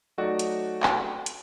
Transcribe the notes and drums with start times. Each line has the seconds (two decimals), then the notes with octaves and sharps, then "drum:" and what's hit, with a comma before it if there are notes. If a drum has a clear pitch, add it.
0.18 F#3 A3 D#4 F#4 D5
0.39 drum: hi-hat
0.83 drum: clap
1.26 drum: hi-hat